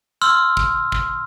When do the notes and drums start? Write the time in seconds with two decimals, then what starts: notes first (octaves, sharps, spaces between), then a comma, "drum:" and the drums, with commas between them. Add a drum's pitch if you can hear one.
0.21 C6 E6 F6
0.57 drum: kick
0.92 drum: kick